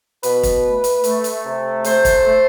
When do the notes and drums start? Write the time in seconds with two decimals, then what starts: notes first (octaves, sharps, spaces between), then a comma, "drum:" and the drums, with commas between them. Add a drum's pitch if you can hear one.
0.23 B2 B4, drum: hi-hat
0.43 drum: kick, hi-hat
0.64 A3
0.84 drum: hi-hat
1.04 A3, drum: hi-hat
1.24 drum: hi-hat
1.45 C3
1.84 A3 C5, drum: hi-hat
2.05 drum: kick, hi-hat
2.25 A3